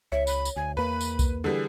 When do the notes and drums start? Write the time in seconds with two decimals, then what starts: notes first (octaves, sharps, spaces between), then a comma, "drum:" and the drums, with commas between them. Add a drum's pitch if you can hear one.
0.12 C#2 C#5 E5
0.27 B5, drum: tambourine
0.45 drum: tambourine
0.56 D2 G#5
0.77 E2 A#3 B4 B5
1.01 drum: tambourine
1.19 drum: kick C2, tambourine
1.44 D3 E3 G3 G#4